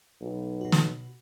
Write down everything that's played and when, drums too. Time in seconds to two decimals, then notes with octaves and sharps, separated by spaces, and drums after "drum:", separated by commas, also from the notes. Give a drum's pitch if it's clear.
0.21 B1
0.61 B2 F#4
0.72 drum: snare